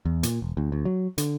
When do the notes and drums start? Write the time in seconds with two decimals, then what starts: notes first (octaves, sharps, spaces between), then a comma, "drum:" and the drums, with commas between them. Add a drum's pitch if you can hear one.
0.05 E2
0.23 A#2, drum: hi-hat
0.42 E1
0.57 D2
0.72 D2
0.85 F#3
1.18 D3, drum: hi-hat